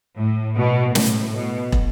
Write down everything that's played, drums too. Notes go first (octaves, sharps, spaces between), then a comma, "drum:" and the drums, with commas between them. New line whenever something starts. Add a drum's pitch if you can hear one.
A2
B2
A2, drum: snare
B2
drum: kick